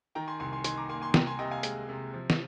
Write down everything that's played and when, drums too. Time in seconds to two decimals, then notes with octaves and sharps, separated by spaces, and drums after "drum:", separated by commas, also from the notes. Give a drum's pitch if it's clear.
0.15 D#3 G5 A#5
0.28 G#5 C6
0.40 C2 G#5 C6
0.53 G#5 C6
0.64 D#3 G#5 C6, drum: hi-hat
0.77 A#5 D6
0.89 A#3 G#5 C6
1.02 G#5 C6
1.14 C2 G5 A#5, drum: snare
1.27 G#5 C6
1.39 C3 D#5 G5
1.51 F5 G#5
1.63 G#3, drum: hi-hat
1.89 C3
2.13 F3
2.30 drum: snare